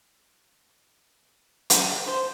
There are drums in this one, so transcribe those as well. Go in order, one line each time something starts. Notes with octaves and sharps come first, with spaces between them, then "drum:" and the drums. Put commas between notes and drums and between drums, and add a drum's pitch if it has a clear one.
drum: hi-hat
C5